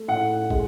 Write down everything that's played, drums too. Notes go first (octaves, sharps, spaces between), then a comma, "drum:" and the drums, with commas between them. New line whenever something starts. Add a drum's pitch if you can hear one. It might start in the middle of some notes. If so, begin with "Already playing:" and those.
Already playing: A3
A2 F#5
G#3, drum: kick